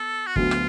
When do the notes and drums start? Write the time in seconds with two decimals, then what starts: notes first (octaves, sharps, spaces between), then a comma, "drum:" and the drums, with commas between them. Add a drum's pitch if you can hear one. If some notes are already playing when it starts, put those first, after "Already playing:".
Already playing: B3 A4
0.27 F#4
0.36 D2 D3 F#3 B3 F4, drum: kick G1
0.51 drum: rim click